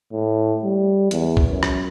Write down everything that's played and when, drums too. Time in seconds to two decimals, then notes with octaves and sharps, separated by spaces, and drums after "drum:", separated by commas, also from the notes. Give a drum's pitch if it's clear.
0.12 A2
0.64 G3
1.11 E2, drum: hi-hat
1.37 drum: kick
1.49 F#2
1.63 drum: rim click